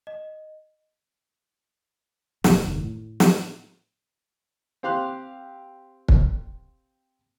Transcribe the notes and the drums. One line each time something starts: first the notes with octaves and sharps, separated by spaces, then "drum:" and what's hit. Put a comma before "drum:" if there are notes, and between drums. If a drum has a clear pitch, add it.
D#5
F1 A#2 E3, drum: snare
F#1 E2 D#3
A2
drum: snare
C4 G4 F5 C6 F#6
drum: kick